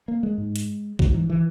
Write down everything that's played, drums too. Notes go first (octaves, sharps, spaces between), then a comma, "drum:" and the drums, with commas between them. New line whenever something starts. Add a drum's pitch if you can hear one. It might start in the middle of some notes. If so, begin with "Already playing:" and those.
A#3
G#3
G#2
drum: hi-hat
G#2 F#3, drum: kick B1
E3
E3